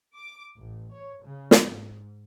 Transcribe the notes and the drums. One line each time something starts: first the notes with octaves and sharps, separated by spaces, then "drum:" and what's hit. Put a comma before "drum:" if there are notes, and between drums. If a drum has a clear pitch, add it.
D6
A1
C#5
C#3
drum: snare
G#2